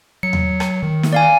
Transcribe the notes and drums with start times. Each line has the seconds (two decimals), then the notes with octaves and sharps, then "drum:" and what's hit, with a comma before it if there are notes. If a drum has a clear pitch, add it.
0.23 F#3 C#7
0.33 drum: tom D#2
0.60 drum: rim click
0.83 D#3
1.03 drum: snare
1.13 D5 F5 G#5